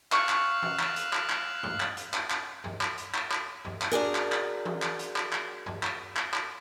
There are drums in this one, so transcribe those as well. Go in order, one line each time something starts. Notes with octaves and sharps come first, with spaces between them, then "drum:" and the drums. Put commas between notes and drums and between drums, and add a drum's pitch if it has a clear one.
F5 C#6 E6 F#6, drum: clap
drum: clap
drum: tom E3
drum: clap
drum: hi-hat
drum: clap
drum: clap
drum: tom
drum: clap
drum: hi-hat
drum: clap
drum: clap
drum: tom G2
drum: clap
drum: hi-hat
drum: clap
drum: clap
drum: tom G2
drum: clap
D4 F#4 G#4 A#4
drum: clap
drum: clap
drum: tom E3
drum: clap
drum: hi-hat
drum: clap
drum: clap
drum: tom G2
drum: clap
drum: clap
drum: clap